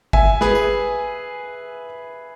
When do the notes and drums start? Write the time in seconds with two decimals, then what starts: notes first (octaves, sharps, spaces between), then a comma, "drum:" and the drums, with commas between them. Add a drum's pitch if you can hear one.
0.13 E5 G#5, drum: kick G1
0.41 G#4 B4, drum: snare
0.55 drum: tambourine